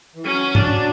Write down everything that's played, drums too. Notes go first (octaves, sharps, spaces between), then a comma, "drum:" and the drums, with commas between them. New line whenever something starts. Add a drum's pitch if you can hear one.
E3
F#3 C#4
D4, drum: tom G#2